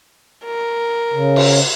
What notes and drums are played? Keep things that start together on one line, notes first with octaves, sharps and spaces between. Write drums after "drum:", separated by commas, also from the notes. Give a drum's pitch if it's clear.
A#4
C#3
drum: cymbal